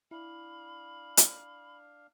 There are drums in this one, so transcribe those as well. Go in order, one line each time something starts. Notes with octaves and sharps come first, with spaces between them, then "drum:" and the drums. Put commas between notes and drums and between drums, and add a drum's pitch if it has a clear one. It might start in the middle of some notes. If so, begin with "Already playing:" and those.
D4 E4 F5 B5
drum: hi-hat